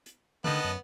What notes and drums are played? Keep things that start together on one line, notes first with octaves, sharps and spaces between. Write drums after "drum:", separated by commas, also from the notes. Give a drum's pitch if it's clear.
drum: hi-hat
D3 D#3 B3 A4 D#5 A5 F#6, drum: tom D3
F#2